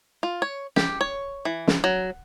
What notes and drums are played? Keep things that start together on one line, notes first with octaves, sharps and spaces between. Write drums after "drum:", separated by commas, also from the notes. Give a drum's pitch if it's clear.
F4
C#5
G4, drum: snare
C#5
E3
drum: snare
F#3